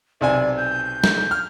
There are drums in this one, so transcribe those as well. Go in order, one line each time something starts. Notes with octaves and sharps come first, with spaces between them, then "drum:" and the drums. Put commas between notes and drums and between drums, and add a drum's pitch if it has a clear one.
B1 C3 D5 G#5
G6
drum: snare
F6